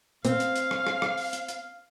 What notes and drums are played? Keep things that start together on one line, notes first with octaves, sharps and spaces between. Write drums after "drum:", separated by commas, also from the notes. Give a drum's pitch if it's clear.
C4 F5, drum: hi-hat
drum: hi-hat
drum: hi-hat
drum: rim click
drum: rim click
drum: rim click
drum: open hi-hat
drum: hi-hat
drum: hi-hat